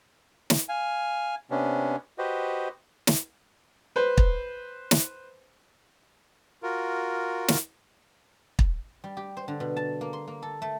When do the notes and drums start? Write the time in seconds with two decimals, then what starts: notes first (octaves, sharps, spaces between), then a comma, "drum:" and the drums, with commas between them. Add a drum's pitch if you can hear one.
0.50 drum: snare
0.69 F5 G#5
1.51 C3 B3 C#4 D4
2.18 F#4 G4 B4 C5 D#5
3.07 drum: snare
3.96 B4 C5
4.18 drum: kick
4.91 drum: snare
6.63 F4 F#4 A#4
7.48 drum: snare
8.59 drum: kick
9.04 G3
9.17 G4
9.37 C5
9.48 D3
9.60 B2
9.76 A5
10.01 A#3
10.13 C6
10.27 A#3
10.42 A4
10.62 A3